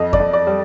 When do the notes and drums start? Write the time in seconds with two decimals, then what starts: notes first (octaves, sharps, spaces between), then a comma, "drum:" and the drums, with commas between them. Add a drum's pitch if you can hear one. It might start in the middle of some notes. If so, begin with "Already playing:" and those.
Already playing: F2 D#5
0.13 D5, drum: kick F2
0.20 F2
0.33 D5
0.47 G3